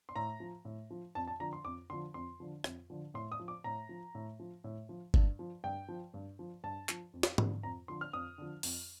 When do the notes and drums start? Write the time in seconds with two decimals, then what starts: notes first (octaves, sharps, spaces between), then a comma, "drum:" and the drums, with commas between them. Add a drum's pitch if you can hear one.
0.09 C6
0.16 A2 A#5
0.40 F3
0.65 A2
0.91 F3
1.15 F2 A5
1.27 A5
1.40 D3 F3 A#5
1.53 C6
1.65 F2 D6
1.90 D3 F3 C6
2.14 F2 C6
2.40 D3 F3
2.64 F2, drum: rim click
2.90 D3 F3
3.14 A2 C6
3.32 D#6
3.40 F3
3.48 D6
3.64 A2 A#5
3.89 F3
4.15 A2
4.40 F3
4.64 A2
4.89 F3
5.14 G2, drum: kick G1
5.39 F3
5.64 G2 G5
5.89 F3
6.14 G2
6.39 F3
6.63 G2 A5
6.89 F3, drum: clap
7.13 F2
7.23 drum: snare
7.38 D3 F3, drum: tom G#2
7.63 F2 A#5
7.88 D3 F3 C6
8.01 F6
8.13 F2 D#6
8.38 D3 F3
8.63 F2, drum: open hi-hat